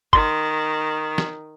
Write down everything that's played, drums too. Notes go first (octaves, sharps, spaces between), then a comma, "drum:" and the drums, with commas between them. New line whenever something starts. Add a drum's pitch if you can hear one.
D#3 C6, drum: kick G1
drum: snare